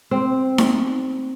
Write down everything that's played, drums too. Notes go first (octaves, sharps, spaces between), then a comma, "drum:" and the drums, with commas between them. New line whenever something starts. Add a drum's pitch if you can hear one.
C4
drum: snare D#4